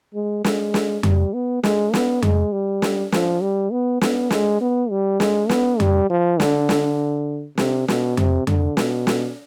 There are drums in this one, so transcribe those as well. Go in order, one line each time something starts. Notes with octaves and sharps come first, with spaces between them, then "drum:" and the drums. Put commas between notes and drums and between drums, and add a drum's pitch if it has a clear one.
G#3
G#3, drum: snare
drum: snare
G3, drum: tom F2
B3
G#3, drum: snare
B3, drum: snare
G#3, drum: tom F2
G3
drum: snare
F3, drum: snare
G3
B3
B3, drum: snare
G#3, drum: snare
B3
G3
G#3, drum: snare
B3, drum: snare
G3, drum: tom F2
F3
D3, drum: snare
drum: snare
C3, drum: snare
B2, drum: snare
C3, drum: tom F2
D3, drum: tom F2
B2, drum: snare
drum: snare